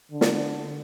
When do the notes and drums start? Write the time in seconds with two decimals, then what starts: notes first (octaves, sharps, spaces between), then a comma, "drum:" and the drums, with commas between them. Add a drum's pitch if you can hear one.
0.11 D3
0.21 drum: snare